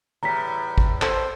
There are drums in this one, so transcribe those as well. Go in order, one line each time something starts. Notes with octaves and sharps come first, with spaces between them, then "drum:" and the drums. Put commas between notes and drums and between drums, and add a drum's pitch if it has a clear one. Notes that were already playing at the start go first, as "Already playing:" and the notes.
E2 A2 G3 A#5 B6
drum: kick
A4 C5, drum: clap